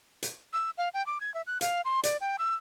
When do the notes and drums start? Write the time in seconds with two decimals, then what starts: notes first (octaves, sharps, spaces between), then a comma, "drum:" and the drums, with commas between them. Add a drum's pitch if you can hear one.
0.23 drum: hi-hat
0.53 E6
0.78 F5
0.94 G5
1.06 D6
1.21 G#6
1.34 E5
1.47 F#6
1.61 F5, drum: hi-hat
1.85 C6
2.03 D5, drum: hi-hat
2.21 G5
2.38 E6